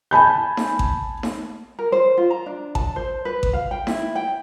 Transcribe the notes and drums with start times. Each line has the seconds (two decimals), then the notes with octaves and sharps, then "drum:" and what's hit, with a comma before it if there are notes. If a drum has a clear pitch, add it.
0.11 G#5 A5 B5 G6
0.57 drum: snare D#4
0.79 drum: kick A1
1.23 drum: snare D#4
1.79 A#4
1.92 C5
2.17 F4
2.31 A#5
2.46 D4
2.75 A5, drum: kick A1
2.96 C5
3.25 B4
3.43 drum: kick A1
3.53 F5
3.71 G5
3.87 E4, drum: snare D#4
4.15 G5